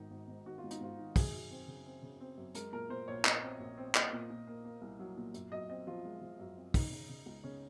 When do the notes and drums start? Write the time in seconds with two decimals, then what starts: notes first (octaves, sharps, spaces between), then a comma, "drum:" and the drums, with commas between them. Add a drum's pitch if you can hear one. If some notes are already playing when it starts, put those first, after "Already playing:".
Already playing: G#1 D#3 D#4
0.11 G#1
0.28 G#2
0.46 D#3 F#4
0.58 F4
0.64 G#2
0.71 D#4, drum: hi-hat
0.81 G#2 F4
0.98 D#3
1.16 F#2 G#4, drum: kick, open hi-hat
1.33 F#2
1.51 C4
1.68 C#3
1.86 C4
2.03 C#3
2.20 C4
2.38 F#2
2.55 G#3 A#4, drum: hi-hat
2.72 A#2 A#4
2.90 A#2 C5
3.08 A#1 C#5
3.25 C4 D#5, drum: clap
3.42 C4
3.60 A#1
3.77 C4
3.95 A#3 D#5, drum: clap
4.13 A#2
4.30 A#2
4.47 A#3
4.65 A#3
4.82 C2
4.99 F#3
5.17 A#2
5.34 F#2, drum: hi-hat
5.52 F#2 D#5
5.69 C4 D#5
5.87 F3 F4
6.05 G#3
6.21 F3
6.40 F#2
6.56 C4
6.74 C#3 D#4, drum: kick, open hi-hat
6.91 C#3
7.09 C#3
7.26 C#2
7.43 C#3 C#4